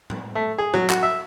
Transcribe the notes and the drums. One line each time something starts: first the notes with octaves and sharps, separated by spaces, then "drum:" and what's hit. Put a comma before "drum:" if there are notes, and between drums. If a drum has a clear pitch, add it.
drum: tom A2
A3
G#4
F#3, drum: tom A2
F#4, drum: clap
E5